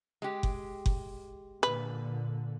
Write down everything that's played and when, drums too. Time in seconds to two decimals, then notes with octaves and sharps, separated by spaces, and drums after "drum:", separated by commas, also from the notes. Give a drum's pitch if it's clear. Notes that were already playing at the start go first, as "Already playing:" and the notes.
0.22 G#3 G4
0.43 drum: kick F#1
0.86 drum: kick F#1
1.63 A#2 D3 B4